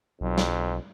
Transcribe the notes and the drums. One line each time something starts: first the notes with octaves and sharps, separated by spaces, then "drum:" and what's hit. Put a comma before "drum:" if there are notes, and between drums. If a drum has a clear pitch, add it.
B1 F2
drum: snare